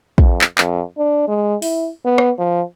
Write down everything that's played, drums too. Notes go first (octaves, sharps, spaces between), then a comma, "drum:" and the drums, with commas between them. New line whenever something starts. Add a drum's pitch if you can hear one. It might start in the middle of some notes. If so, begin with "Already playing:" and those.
F2, drum: kick
drum: clap
F2, drum: clap
D4
G#3
E4, drum: open hi-hat
B3
drum: rim click
F3